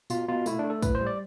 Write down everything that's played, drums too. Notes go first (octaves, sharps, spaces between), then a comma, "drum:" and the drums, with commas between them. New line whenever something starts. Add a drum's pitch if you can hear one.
B2 F4, drum: tambourine
B2 F4
A3 E4, drum: tambourine
D4
A3
A4
A2 B4, drum: kick, tambourine
C5
G3
D5